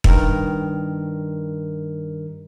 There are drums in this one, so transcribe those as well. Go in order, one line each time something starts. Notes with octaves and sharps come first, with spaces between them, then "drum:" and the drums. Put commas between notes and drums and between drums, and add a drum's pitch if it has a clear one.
G2 D#3 A#4, drum: kick